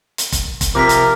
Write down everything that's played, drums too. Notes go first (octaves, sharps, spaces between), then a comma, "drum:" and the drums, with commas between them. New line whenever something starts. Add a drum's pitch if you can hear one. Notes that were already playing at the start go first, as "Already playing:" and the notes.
drum: hi-hat
drum: kick F1, hi-hat
drum: kick F1, hi-hat
C3 F3 A#4 D6 B6
drum: hi-hat